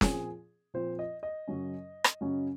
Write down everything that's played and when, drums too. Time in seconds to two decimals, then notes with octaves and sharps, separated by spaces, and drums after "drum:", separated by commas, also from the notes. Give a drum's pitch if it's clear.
0.01 A#2 F3 C4 G#4, drum: snare
0.74 A#2 F3 C4 C5
0.99 D#5
1.23 D#5
1.48 F#2 C#3 F#3 C#4
2.04 drum: rim click
2.21 F#2 C#3 F#3 C#4